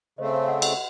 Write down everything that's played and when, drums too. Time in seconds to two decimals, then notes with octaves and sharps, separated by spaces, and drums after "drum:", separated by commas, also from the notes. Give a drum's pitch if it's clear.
0.18 C#3 A3 C4 C5 D#5
0.33 C#5 F5
0.48 D#5 F#5
0.62 D#5 F#5, drum: cymbal